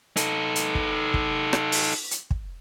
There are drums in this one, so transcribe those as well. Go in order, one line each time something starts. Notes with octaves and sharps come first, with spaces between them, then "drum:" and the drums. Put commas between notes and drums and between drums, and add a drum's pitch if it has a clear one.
D#4 A4, drum: hi-hat
drum: hi-hat
drum: kick
drum: kick
drum: rim click
drum: open hi-hat
drum: hi-hat
drum: kick